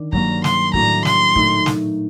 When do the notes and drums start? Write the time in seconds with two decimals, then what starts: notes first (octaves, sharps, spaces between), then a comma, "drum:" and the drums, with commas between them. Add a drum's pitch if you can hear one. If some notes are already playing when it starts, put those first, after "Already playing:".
Already playing: D#3 D4
0.13 G2 F#3 A#3 A#5, drum: kick
0.44 C6, drum: snare
0.74 A2 A3 D4 F#4 A4 A#5, drum: kick
1.05 C6, drum: snare
1.36 A#2 A3 D#4 A4, drum: kick
1.66 drum: snare